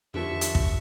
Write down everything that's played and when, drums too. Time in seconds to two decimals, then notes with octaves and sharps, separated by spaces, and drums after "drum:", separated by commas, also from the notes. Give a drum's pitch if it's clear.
0.14 F2 D3 D#3 F3 G4 E5 C#6
0.41 drum: hi-hat
0.55 drum: kick